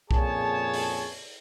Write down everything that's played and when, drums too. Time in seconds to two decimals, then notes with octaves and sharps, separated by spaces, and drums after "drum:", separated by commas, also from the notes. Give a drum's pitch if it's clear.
0.11 F2 A#2 C#3 G#4 C#5 A5, drum: kick
0.74 drum: open hi-hat